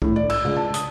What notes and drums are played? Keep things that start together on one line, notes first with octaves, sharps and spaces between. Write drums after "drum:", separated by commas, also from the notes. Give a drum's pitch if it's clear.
A2, drum: kick C2
D5
E6, drum: cymbal
C#2
A5
D#6, drum: hi-hat